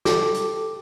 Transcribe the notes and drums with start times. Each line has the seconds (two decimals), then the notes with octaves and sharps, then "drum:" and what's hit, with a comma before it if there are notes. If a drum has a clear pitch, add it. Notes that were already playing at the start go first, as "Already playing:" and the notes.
0.05 G4 A4 D6, drum: snare
0.34 drum: hi-hat